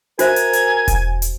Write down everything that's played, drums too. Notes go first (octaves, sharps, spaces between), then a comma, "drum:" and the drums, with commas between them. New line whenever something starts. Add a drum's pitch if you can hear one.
F#4 A#4 C5 E5 G#5 G#6, drum: hi-hat
drum: hi-hat
drum: hi-hat
drum: kick E1, hi-hat
drum: hi-hat